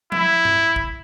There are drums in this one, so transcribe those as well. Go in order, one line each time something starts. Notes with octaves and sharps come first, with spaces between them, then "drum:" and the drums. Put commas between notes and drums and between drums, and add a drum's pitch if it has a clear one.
E4, drum: tom F3
drum: tom G2
drum: kick A#1